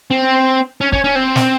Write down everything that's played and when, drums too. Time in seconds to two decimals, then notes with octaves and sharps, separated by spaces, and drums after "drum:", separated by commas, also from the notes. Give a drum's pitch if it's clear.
0.11 C4
0.81 C#4
0.92 C#4, drum: kick
1.04 C#4
1.15 C4
1.36 drum: snare